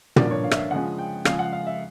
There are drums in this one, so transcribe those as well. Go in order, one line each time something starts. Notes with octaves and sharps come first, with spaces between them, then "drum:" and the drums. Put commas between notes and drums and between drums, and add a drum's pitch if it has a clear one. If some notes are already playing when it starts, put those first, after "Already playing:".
G2 D3 F3 A#3 D4 D5, drum: tom
C#5
F5
E5, drum: rim click
F5
C#3 F3 G#3 F#5
G5
C#3 F3 G#3 F5, drum: rim click
F#5
F5
E5